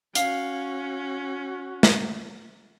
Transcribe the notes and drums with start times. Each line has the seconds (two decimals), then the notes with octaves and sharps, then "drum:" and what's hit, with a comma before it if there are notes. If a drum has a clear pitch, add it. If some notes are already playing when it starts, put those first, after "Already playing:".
0.15 C#4 F#4 F5, drum: hi-hat
1.83 drum: snare